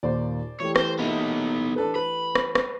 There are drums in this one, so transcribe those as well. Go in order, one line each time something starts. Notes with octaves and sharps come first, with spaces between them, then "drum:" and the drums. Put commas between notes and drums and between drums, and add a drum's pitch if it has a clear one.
D#2 A#2 D#3 C5 D5
E3 A3 G4 C#5
C5, drum: rim click
A#3 B3 D#4 E4
D4 A4 B4
B4 B5
drum: rim click
drum: rim click